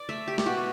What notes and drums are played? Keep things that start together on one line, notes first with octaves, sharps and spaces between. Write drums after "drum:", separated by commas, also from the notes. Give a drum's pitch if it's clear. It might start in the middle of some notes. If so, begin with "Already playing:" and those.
Already playing: D5
A3 E5
G4
G4, drum: snare
B2 F#4